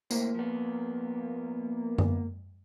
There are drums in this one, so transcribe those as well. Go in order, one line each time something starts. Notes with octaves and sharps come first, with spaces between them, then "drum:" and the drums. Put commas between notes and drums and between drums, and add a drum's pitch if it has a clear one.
D#2 A2 A#3 C5, drum: tambourine
F3 B3
drum: tom F#2